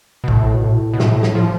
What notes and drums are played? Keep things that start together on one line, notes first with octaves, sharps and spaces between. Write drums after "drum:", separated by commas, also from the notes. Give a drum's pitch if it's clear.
B2
A2, drum: kick
B2
A2
B2
A2, drum: snare
drum: snare
F3